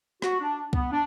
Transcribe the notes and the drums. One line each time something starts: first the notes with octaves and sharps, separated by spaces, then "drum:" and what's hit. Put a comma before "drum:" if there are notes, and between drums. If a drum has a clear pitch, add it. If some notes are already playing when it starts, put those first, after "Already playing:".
F#4, drum: rim click
D4
B3, drum: kick C#2
D4